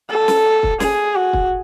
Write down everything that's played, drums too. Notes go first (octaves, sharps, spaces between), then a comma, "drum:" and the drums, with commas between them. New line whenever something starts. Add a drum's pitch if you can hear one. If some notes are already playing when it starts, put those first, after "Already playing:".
A4
drum: snare
drum: kick
G#4, drum: snare
F#4
drum: kick